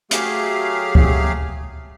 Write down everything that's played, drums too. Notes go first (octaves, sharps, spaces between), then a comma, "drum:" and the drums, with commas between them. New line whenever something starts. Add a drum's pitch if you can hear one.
F#3 A3 G4 G#4 F5 F6, drum: hi-hat
drum: kick C#2